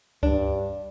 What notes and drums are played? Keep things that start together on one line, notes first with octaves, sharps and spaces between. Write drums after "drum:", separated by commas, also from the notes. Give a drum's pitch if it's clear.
G2 D4, drum: kick C#2